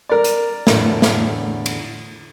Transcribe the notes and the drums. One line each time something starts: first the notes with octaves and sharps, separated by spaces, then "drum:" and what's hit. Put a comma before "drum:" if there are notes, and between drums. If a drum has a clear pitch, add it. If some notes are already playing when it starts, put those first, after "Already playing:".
A#4 D5
drum: hi-hat
E2 A2 D3, drum: snare
drum: snare
drum: cymbal